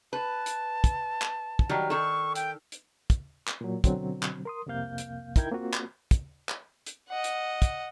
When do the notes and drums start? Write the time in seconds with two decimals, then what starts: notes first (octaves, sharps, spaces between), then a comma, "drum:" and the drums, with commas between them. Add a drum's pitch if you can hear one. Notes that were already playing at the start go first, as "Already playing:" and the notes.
0.13 B4 A5
0.46 drum: hi-hat
0.84 drum: kick, hi-hat
1.22 drum: clap
1.59 drum: kick
1.69 D#3 F#3 G3
1.90 D#3 A4 C#6
2.35 G5, drum: hi-hat
2.72 drum: hi-hat
3.10 drum: kick, hi-hat
3.47 drum: clap
3.61 A#2 F#3
3.84 B2 D3 F#3 C4, drum: kick, hi-hat
4.23 drum: clap
4.45 A#4 C6 D#6
4.66 C2 F2 C3 A#3 F5 G6
4.98 drum: hi-hat
5.36 D#4 E4 A#4 G5 G6 G#6, drum: kick, hi-hat
5.51 A#3 C4 F4 F#4
5.73 drum: clap
6.11 drum: kick, hi-hat
6.49 drum: clap
6.86 drum: hi-hat
7.09 D#5 F#5
7.24 drum: hi-hat
7.62 drum: kick, hi-hat